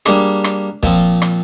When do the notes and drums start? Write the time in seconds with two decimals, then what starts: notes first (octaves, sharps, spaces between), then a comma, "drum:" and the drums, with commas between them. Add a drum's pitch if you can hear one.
0.06 G3 A#3 D4 G#4, drum: rim click
0.44 drum: rim click
0.83 A#2 F3 C4, drum: kick
1.22 drum: rim click